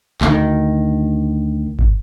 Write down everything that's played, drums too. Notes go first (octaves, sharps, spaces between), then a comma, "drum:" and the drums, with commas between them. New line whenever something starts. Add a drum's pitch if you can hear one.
D2 D#3, drum: clap
drum: kick G1